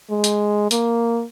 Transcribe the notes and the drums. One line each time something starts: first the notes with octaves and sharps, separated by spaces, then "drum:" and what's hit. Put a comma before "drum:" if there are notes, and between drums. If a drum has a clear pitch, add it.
G#3
drum: hi-hat
A#3, drum: hi-hat